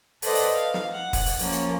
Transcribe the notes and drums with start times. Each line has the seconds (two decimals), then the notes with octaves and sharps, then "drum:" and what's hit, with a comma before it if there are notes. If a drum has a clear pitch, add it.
0.22 A4 B4 C5 D5 D#5 F#5, drum: open hi-hat
0.35 drum: open hi-hat
0.53 F5
0.74 drum: snare
0.92 F#5
1.13 drum: kick, open hi-hat
1.26 drum: open hi-hat
1.39 F3 A#3 C#4, drum: open hi-hat
1.52 drum: hi-hat